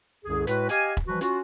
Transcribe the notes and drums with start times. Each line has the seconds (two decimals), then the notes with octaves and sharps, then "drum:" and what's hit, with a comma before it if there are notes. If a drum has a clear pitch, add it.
0.25 C2 F#2 D3 G#4
0.47 A2 G#3 F#4 B4, drum: hi-hat
0.69 G4 D#5 F5 G#5, drum: hi-hat
0.97 drum: kick E1
1.07 E3 F3 G3 F#4 B4
1.21 C#4 F4 F#4, drum: hi-hat